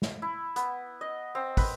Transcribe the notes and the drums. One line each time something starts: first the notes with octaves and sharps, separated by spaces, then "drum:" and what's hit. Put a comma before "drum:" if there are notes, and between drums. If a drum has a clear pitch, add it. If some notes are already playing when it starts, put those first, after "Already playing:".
drum: snare
E4
B3, drum: hi-hat
D#5
C4
B4, drum: kick, open hi-hat